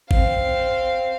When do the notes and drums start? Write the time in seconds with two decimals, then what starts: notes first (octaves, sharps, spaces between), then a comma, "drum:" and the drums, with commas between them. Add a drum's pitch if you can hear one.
0.11 C4 F5, drum: kick G#1